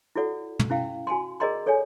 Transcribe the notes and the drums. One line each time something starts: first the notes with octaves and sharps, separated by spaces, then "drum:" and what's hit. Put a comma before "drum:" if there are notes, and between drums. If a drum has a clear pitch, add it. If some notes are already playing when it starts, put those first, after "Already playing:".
E4 F#4 A4 D5 F#5
drum: tom
C#4 E4 F5 G5
F#4 G#5 A5 C6
G#4 A#4 D5 D#5 A#5 C6
A4 C#5 D5 G#5